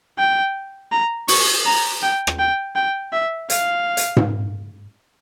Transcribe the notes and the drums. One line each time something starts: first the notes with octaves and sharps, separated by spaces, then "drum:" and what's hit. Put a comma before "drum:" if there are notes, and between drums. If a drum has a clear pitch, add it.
G5
A#5
C#6, drum: open hi-hat
A#5
G5
drum: rim click
G5
G5
E5
F5, drum: hi-hat
drum: hi-hat
drum: tom G#2